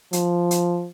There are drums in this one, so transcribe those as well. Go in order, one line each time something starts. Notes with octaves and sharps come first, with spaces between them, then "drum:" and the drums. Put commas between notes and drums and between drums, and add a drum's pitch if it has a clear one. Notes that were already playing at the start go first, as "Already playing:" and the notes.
F3, drum: hi-hat
drum: hi-hat